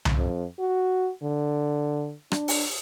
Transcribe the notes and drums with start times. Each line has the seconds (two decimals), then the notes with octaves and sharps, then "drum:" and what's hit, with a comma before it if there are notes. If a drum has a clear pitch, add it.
0.05 drum: tom C2
0.17 F2
0.59 F#4
1.23 D3
2.32 D4, drum: rim click
2.48 drum: open hi-hat